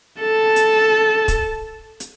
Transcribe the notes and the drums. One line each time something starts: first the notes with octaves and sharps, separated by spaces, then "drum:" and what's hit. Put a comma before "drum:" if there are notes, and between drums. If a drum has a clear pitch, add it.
A4 A5
drum: hi-hat
drum: kick, hi-hat
drum: hi-hat